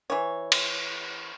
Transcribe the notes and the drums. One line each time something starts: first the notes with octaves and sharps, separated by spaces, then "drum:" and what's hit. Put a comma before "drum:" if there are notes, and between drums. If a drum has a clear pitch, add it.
E3 C#5
drum: cymbal